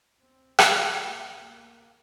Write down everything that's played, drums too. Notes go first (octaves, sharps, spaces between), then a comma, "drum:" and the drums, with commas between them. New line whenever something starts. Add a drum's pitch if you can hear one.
D2 C3 C4
A#3, drum: rim click
A#3
A#3